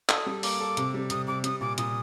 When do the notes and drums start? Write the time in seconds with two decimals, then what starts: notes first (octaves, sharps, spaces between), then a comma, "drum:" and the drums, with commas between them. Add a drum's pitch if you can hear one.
0.09 A4 D#6, drum: clap
0.27 G3
0.43 A#3 D6, drum: open hi-hat
0.60 A4
0.77 C3, drum: hi-hat
0.94 G3
1.10 C3 D#6, drum: hi-hat
1.27 C3 D6
1.44 G3 D#6, drum: hi-hat
1.61 A#2 D6
1.78 A#2 D#6, drum: hi-hat